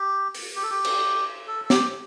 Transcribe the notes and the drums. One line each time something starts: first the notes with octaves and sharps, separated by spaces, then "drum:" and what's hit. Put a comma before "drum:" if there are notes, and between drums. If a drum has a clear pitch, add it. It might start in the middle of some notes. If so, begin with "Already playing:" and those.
Already playing: G4
drum: open hi-hat
G4
A4
G4
drum: cymbal
A4
A4
G4, drum: snare